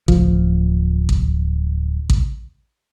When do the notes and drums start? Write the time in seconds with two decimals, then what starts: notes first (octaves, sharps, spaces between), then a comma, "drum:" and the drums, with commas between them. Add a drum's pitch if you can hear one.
0.08 D1 F3, drum: kick A1
1.09 drum: kick A1
2.10 drum: kick A1